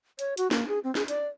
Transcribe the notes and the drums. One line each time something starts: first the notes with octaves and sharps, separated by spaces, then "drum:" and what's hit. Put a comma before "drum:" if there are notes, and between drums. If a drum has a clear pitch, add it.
C#5, drum: hi-hat
F#4, drum: hi-hat
A#3, drum: snare
G#4
C4
G#4, drum: snare
D5, drum: hi-hat